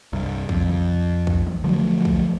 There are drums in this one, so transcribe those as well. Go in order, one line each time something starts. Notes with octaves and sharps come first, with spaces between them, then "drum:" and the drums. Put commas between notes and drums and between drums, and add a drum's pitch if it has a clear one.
C2 G2
F2, drum: kick
drum: tom C3
drum: kick
drum: tom D#3
D3 F3 F#3 A3
drum: kick